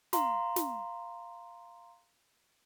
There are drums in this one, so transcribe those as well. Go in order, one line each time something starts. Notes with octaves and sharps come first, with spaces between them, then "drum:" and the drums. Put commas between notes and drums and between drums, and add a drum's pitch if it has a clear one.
F5 A#5 C6, drum: snare
drum: snare